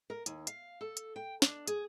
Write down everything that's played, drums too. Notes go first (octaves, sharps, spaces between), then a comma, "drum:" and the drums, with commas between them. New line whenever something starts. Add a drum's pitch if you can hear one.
A#4
D#2, drum: hi-hat
F5, drum: hi-hat
A4
drum: hi-hat
G5
D4, drum: snare
G#4, drum: hi-hat